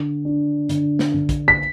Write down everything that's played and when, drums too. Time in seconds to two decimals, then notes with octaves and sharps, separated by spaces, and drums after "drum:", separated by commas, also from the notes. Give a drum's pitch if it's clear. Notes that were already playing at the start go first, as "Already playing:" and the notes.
Already playing: D3
0.25 D4
0.69 D3, drum: hi-hat
0.99 drum: snare
1.14 D3
1.29 drum: kick, hi-hat
1.48 B6